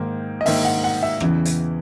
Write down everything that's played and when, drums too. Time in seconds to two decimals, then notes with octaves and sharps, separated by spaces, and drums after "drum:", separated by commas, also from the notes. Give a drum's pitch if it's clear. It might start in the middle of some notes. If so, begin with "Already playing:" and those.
Already playing: G#2 D#3 A#3 D#4
0.41 D#5
0.46 G#2 D#3 A#3 D#4 E5, drum: open hi-hat
0.65 F#5
0.84 F#5
1.03 E5
1.20 E2 C#3 E3, drum: rim click
1.45 drum: hi-hat